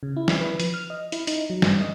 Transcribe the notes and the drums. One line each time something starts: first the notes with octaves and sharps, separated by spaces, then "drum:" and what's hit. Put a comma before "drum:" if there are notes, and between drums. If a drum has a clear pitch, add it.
C#3
E4
drum: snare
B4
F3, drum: hi-hat
F6
D#5
E4, drum: hi-hat
D#4, drum: hi-hat
F#3
G2, drum: snare
D#5